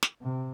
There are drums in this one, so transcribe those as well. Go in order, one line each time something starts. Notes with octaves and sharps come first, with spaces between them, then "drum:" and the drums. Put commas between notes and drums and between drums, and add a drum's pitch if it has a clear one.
drum: snare
C3